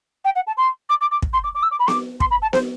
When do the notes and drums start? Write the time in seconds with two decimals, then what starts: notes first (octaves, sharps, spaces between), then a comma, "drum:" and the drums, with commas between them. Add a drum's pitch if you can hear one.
0.25 G5
0.36 F#5
0.47 A5
0.57 C6
0.90 D6
1.01 D6
1.11 D6
1.22 drum: kick
1.33 C6
1.44 D6
1.55 D6
1.63 E6
1.71 D6
1.80 B5
1.88 D6, drum: snare B3
2.20 C6, drum: kick
2.31 B5
2.42 A5
2.53 C5, drum: snare B3